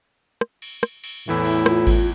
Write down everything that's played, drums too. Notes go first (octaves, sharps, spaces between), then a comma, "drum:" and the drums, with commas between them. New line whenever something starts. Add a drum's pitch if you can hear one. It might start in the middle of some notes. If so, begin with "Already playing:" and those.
drum: rim click
drum: cymbal
drum: rim click
drum: cymbal
E2 A2 E3 A3 E4
drum: cymbal
F4, drum: rim click
drum: kick G#1, cymbal